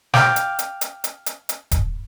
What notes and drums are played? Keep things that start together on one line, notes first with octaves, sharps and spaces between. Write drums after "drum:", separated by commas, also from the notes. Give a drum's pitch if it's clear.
F5 G5 D6, drum: snare
drum: hi-hat
drum: hi-hat
drum: hi-hat
drum: hi-hat
drum: hi-hat
drum: hi-hat
drum: kick D#1, hi-hat